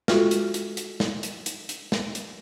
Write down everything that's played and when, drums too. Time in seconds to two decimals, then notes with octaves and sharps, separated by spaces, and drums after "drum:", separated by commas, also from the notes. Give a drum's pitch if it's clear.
0.08 G#3 F4 F#4 A4, drum: snare
0.31 drum: hi-hat
0.54 drum: hi-hat
0.77 drum: hi-hat
1.00 drum: snare
1.23 drum: hi-hat
1.46 drum: hi-hat
1.69 drum: hi-hat
1.92 drum: snare
2.15 drum: hi-hat